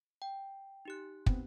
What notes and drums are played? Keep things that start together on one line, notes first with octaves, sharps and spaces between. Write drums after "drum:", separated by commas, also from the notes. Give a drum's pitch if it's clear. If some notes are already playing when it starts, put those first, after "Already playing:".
G5
D#4 G4 F#6
D#2 B3 C4, drum: kick